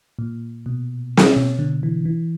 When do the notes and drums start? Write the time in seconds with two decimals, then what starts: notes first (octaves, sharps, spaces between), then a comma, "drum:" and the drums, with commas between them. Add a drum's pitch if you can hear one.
0.19 A#2
0.66 B2
1.17 drum: snare
1.36 B2
1.59 D3
1.83 E3
2.05 E3